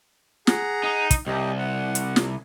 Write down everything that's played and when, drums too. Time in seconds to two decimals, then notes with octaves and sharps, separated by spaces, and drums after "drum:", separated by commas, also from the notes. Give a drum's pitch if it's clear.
0.47 G#4 F#5 A#5, drum: snare
0.84 D#4
1.11 drum: kick, hi-hat
1.27 C2 G4 D#5
1.58 F#5
1.95 drum: hi-hat
2.16 drum: snare